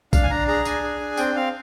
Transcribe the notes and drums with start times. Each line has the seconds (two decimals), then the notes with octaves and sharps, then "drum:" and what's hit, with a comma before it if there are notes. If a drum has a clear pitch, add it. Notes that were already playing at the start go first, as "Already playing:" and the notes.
0.13 D4 F5, drum: kick A#1, tambourine
0.23 G#5
0.30 D4 A#5
0.48 G#4 A#5
0.65 D4 G#5, drum: tambourine
0.83 G#4
1.00 D4
1.17 C4 G5, drum: tambourine
1.35 C4 F5